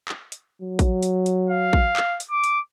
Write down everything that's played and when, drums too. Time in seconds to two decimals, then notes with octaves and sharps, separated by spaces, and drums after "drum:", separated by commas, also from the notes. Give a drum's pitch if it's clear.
0.08 drum: clap
0.32 drum: hi-hat
0.62 F#3
0.79 drum: kick, hi-hat
1.03 drum: hi-hat
1.26 drum: hi-hat
1.50 F5
1.73 drum: kick
1.97 drum: clap
2.20 drum: hi-hat
2.31 D6
2.44 drum: hi-hat